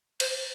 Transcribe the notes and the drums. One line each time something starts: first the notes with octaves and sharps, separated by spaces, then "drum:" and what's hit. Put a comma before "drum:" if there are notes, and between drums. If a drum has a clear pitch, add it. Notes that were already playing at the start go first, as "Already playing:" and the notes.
C5, drum: cymbal